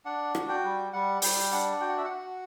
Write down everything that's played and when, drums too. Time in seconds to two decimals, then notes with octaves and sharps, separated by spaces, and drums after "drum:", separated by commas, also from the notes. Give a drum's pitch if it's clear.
0.05 D4 F#5
0.35 F#4, drum: rim click
0.49 G5
0.64 G3
0.93 G3 F#5
1.22 G3 G5, drum: open hi-hat
1.52 D4 F#5
1.81 F#4 G5
1.89 F#5
1.98 E5
2.05 F#5
2.10 F#4